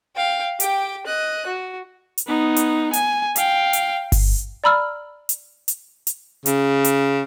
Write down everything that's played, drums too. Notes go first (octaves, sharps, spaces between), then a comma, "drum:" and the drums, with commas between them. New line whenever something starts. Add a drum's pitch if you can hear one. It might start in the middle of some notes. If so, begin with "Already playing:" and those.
F5 G5
G4 G5, drum: hi-hat
D#5 F#6
F#4
drum: hi-hat
B3 D#4
drum: hi-hat
G#5, drum: hi-hat
F5 G5, drum: hi-hat
drum: hi-hat
drum: kick G1, open hi-hat
D5 A#5 B5 E6 F6
drum: hi-hat
drum: hi-hat
drum: hi-hat
C#3, drum: hi-hat
drum: hi-hat